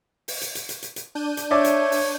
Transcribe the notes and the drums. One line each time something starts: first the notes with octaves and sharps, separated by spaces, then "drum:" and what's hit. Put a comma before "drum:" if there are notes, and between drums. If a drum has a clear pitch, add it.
drum: open hi-hat
drum: hi-hat
drum: hi-hat
drum: hi-hat
drum: hi-hat
drum: hi-hat
D4 G6 D#7
drum: hi-hat
C#5 D5 E5 D6
drum: hi-hat
drum: open hi-hat